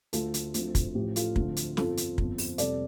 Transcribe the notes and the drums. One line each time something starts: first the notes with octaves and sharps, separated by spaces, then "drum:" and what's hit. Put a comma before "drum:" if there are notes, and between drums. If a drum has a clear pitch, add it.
D2 D3 A3 F4 A4, drum: hi-hat
drum: hi-hat
D2 D3 F3 C4, drum: hi-hat
drum: kick, hi-hat
A1 A2 F3 G4
F4 A4, drum: hi-hat
D2 D3 F3 A3 C4, drum: kick
drum: hi-hat
G1 F2 F3 F4 A4, drum: snare
drum: hi-hat
G1 F2 F3 C4, drum: kick
drum: open hi-hat
F1 F2 C3 G3 A4 D5, drum: hi-hat